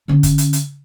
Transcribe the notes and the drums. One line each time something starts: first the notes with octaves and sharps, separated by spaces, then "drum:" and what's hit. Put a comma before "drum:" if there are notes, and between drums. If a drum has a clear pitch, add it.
D3 C#4
drum: kick, hi-hat
drum: hi-hat
drum: hi-hat